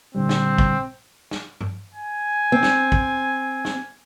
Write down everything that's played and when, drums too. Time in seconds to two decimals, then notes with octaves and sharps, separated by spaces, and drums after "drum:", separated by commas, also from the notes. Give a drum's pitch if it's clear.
0.15 A#2 D3 G3 C4
0.29 drum: snare
0.58 drum: kick
1.31 drum: snare
1.61 drum: tom G2
1.94 G#5
2.52 C4
2.63 drum: snare
2.92 drum: kick
3.65 drum: snare